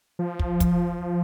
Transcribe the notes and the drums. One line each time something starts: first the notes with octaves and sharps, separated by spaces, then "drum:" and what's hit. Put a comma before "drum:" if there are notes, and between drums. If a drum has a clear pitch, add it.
F3
drum: kick
drum: kick, hi-hat